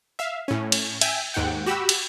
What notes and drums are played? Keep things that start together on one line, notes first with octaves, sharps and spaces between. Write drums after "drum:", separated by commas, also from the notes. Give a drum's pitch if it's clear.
E5 F5
A2 C#4
drum: cymbal
E5 G5 G#5, drum: cymbal
D#2 G#2 F#5 G5
F#4 G4 B5 E6
drum: cymbal